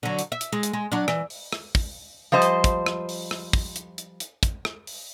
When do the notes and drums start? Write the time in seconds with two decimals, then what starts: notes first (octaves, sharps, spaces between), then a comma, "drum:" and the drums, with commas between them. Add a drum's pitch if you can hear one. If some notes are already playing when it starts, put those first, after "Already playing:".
0.03 D3 F#3
0.19 drum: hi-hat
0.32 E5
0.41 drum: hi-hat
0.52 G#3
0.63 drum: hi-hat
0.73 G#3
0.92 F#3 D4
1.08 E3, drum: rim click
1.30 drum: open hi-hat
1.53 drum: rim click
1.75 drum: kick, open hi-hat
2.32 F3 G3 C5 D#5
2.42 drum: hi-hat
2.64 drum: kick, hi-hat
2.86 drum: rim click
3.09 drum: open hi-hat
3.31 drum: rim click
3.53 drum: kick, open hi-hat
3.76 drum: hi-hat
3.98 drum: hi-hat
4.20 drum: hi-hat
4.43 drum: kick, hi-hat
4.65 drum: rim click
4.87 drum: open hi-hat